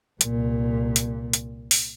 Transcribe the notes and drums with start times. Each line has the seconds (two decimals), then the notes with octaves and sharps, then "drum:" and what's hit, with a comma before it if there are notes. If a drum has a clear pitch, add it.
0.21 C2 A#2, drum: hi-hat
0.96 drum: hi-hat
1.33 drum: hi-hat
1.71 drum: open hi-hat